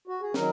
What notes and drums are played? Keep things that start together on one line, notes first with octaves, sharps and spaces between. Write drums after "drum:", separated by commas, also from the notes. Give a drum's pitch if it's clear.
F#4
G#4
D#3 F#3 A#4, drum: snare